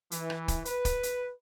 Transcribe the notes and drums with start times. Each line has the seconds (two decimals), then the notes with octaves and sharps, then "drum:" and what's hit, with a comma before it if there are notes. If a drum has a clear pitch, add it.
0.11 E3, drum: hi-hat
0.30 drum: rim click
0.48 drum: kick, hi-hat
0.65 B4, drum: hi-hat
0.85 drum: kick, hi-hat
1.03 drum: hi-hat